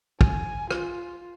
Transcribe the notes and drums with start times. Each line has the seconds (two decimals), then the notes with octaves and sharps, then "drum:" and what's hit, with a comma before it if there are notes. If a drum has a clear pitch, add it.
0.21 G#5, drum: kick
0.71 F4, drum: rim click